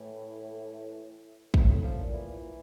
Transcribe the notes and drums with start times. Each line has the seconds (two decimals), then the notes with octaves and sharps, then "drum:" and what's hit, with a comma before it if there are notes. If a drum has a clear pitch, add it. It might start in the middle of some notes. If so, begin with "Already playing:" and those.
Already playing: A2 E3
1.54 A2 F#3, drum: kick
1.83 F3
1.99 A#2
2.13 E3